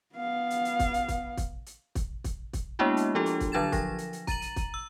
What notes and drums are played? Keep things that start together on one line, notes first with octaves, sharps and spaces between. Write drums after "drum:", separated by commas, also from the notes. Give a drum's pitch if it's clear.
B3 F5
drum: hi-hat
drum: hi-hat
drum: kick, hi-hat
drum: hi-hat
drum: kick, hi-hat
drum: kick, hi-hat
drum: hi-hat
drum: kick, hi-hat
drum: kick, hi-hat
drum: kick, hi-hat
G#3 A#3 B3 D4 E4 F#4
drum: hi-hat
F3 D4 F4 G4 A4
drum: hi-hat
drum: kick, hi-hat
D3 F#3 D4 G#6 A6 E7
F3 A#6, drum: kick, hi-hat
drum: hi-hat
drum: hi-hat
A#5 A6 D#7 F#7, drum: kick, hi-hat
drum: hi-hat
drum: kick, hi-hat
E6